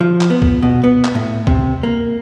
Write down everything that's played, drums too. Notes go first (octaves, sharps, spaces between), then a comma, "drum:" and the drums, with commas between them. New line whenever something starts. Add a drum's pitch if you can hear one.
F3
drum: clap
B3
drum: kick
B2
B3
drum: clap
A2
C3, drum: kick
A#3